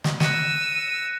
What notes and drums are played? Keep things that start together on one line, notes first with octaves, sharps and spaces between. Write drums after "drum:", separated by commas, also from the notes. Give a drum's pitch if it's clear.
drum: snare
E6 F#6 A#6 C#7 D#7, drum: snare